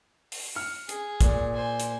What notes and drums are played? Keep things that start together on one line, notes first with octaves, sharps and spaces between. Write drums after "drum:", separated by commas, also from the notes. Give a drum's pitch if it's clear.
drum: open hi-hat
F6 C#7
G#4, drum: hi-hat
A#2, drum: kick, hi-hat
C5 G#5
drum: hi-hat